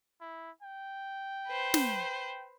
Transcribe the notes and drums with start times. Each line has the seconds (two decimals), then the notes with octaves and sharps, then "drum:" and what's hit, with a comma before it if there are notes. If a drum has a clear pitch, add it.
0.21 E4
0.63 G5
1.47 B4 C5
1.74 drum: snare